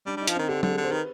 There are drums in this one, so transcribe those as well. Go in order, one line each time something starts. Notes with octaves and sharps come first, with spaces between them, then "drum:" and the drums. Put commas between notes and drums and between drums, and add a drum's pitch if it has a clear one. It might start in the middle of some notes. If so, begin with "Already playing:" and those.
G3 D4
G3 D#4
F3, drum: hi-hat
D#3 C4
D3 G4
D3, drum: tom F#3
G#4
D3
C5
D#3 B4